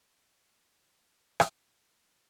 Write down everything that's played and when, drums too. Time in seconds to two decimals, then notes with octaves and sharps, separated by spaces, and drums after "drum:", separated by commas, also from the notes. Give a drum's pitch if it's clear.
0.08 C#5 G5 D6
1.40 drum: rim click